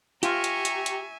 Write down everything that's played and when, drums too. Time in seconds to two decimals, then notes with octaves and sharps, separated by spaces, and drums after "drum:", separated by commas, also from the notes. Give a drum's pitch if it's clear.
0.23 F4 G4 E5 G#5 A#5 C#6, drum: hi-hat
0.44 drum: hi-hat
0.65 drum: hi-hat
0.86 drum: hi-hat